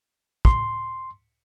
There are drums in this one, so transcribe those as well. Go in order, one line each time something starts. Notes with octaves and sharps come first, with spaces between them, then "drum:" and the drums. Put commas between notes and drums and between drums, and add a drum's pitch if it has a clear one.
C6, drum: kick